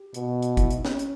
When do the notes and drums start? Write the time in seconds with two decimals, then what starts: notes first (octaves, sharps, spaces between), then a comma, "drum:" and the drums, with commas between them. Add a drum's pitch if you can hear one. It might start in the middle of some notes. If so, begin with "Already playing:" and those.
Already playing: G4
0.14 B2, drum: hi-hat
0.42 drum: hi-hat
0.57 E4, drum: kick, hi-hat
0.70 D#4, drum: hi-hat
0.85 C#4, drum: snare
0.99 drum: hi-hat